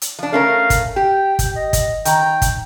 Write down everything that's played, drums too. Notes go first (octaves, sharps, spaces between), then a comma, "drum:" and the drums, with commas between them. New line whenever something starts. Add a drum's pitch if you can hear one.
drum: hi-hat
F3 D4
A3 C#4 A#4 F5
drum: kick, hi-hat
G4 G5
drum: kick, hi-hat
D#5
drum: kick, hi-hat
D#3 G5 A#5, drum: hi-hat
drum: kick, hi-hat